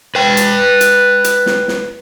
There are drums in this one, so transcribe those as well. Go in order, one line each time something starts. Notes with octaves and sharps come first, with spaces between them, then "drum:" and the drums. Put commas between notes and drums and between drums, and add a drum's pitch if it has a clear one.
B4 G5
drum: hi-hat
drum: hi-hat
drum: hi-hat
drum: snare
drum: snare